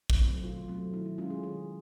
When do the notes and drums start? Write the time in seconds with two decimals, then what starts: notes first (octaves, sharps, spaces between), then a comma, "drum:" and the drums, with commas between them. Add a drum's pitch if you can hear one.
0.10 drum: kick
0.19 F#3 A3 C4
0.43 B2 F4
0.68 F#3 A3 C4
0.93 D#3 E4
1.06 E4
1.18 G#3 C#4 F4
1.30 G#4
1.43 D#3 G#4